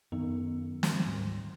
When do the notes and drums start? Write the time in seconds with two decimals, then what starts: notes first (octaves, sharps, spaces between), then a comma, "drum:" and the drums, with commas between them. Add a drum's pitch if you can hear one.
0.12 F#2 D#3 B3 C#4
0.83 F#3 G3 C6, drum: snare
1.06 D2 G#2 G3